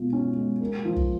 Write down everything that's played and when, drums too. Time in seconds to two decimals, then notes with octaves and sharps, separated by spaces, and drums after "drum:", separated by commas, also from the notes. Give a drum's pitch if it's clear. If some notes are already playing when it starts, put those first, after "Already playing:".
Already playing: B2 G#3 F4
0.13 C#4
0.36 G#3
0.61 A#3
0.85 F3
0.96 drum: kick